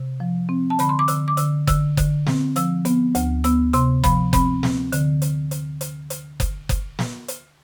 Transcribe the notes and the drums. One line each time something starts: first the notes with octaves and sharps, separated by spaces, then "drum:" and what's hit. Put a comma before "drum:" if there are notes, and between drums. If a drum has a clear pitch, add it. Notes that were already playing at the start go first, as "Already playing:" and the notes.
Already playing: C3
F3
C4
A5
D3 B5, drum: hi-hat
C6
D6
D3 E6, drum: hi-hat
D6
D3 E6, drum: hi-hat
D3 E6, drum: kick F#1, hi-hat
D3, drum: kick F#1, hi-hat
C4, drum: snare
F3 E6, drum: hi-hat
B3, drum: hi-hat
D2, drum: hi-hat
B3 E6, drum: hi-hat
C3 C6, drum: hi-hat
F3 B5, drum: kick F#1, hi-hat
C4 B5, drum: kick F#1, hi-hat
C4, drum: snare
D3, drum: hi-hat
drum: hi-hat
drum: hi-hat
drum: hi-hat
drum: hi-hat
drum: kick F#1, hi-hat
drum: kick F#1, hi-hat
drum: snare
drum: hi-hat